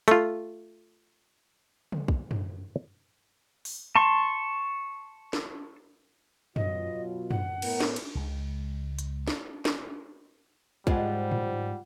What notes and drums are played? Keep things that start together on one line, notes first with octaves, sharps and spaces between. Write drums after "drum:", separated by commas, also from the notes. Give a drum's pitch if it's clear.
A3 F4, drum: hi-hat
drum: tom C#3
drum: kick
drum: tom F#2
drum: open hi-hat
A5 C6 C#6
drum: snare
B2 F#3 F4 D#5, drum: tom F#2
F#5, drum: tom F#2
A2 B3 A#4, drum: cymbal
drum: snare
drum: cymbal
C#2 C#3 G#3
drum: hi-hat
drum: snare
drum: snare
G#2 F3 G3 G#3 F4 F#5, drum: kick
drum: tom G#2